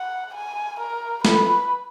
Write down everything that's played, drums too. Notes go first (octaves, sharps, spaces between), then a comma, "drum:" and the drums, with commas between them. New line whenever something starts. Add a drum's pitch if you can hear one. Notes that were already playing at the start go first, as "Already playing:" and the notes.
Already playing: F#5
G#5
A#4
B4, drum: snare